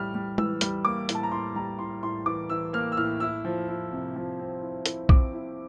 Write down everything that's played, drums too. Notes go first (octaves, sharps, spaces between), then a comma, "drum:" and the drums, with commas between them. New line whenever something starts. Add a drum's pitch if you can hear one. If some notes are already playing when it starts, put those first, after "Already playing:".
Already playing: A2 E3 G3 F6
G3
E3 E6, drum: tom G#3
G3, drum: hi-hat
A#3 D6
A2, drum: hi-hat
A5
A#5
A2 C6
G3 A#5
A2 C6
A2 C6
E3 D6
E3 E6
A#3 F6
E6
A2 F6
E4 E6
F3
E4
C3
F3
C4
E4
E4, drum: hi-hat
C4 D6, drum: kick
E4